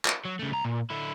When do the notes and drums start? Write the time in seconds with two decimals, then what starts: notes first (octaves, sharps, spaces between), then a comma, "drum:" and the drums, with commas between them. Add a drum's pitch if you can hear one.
0.05 drum: clap
0.25 F#3
0.39 C#3 A3
0.51 C2 A#5
0.64 A#2
0.90 D3 E4